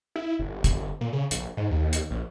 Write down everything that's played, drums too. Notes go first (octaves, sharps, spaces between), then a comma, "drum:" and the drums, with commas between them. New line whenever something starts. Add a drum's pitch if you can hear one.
E4
G1
drum: kick, hi-hat
A#2
C#3
A#1, drum: hi-hat
G#2
D#2
drum: hi-hat
A#1